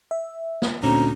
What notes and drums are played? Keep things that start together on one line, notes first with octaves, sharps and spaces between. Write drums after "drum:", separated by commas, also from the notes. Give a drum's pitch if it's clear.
E5
drum: snare
D2 A#2 C4 C#4 A#5